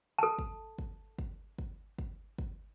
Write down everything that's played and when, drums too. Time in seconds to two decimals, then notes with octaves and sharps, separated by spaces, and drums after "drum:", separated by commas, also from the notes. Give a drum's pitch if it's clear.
0.19 A4 A5
0.39 drum: kick
0.79 drum: kick
1.19 drum: kick
1.59 drum: kick
1.99 drum: kick
2.39 drum: kick